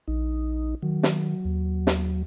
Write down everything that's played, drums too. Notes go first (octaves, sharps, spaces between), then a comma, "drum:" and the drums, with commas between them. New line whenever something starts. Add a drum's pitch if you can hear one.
A#1 D#4
D#3 F#3
drum: snare
D#2
drum: snare